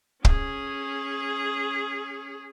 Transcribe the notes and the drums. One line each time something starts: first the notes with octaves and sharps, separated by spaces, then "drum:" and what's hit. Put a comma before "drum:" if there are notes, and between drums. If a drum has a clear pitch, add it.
C#4 G#4, drum: kick